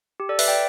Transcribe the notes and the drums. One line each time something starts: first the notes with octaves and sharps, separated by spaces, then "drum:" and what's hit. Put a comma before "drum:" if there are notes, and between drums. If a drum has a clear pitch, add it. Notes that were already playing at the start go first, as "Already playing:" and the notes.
G4
A4 D5
B4 E5, drum: open hi-hat
D5 G5